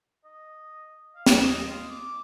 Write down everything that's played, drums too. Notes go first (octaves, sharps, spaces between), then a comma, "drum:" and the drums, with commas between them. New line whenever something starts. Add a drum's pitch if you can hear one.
D#5
F5
drum: snare
D#5
F4
D6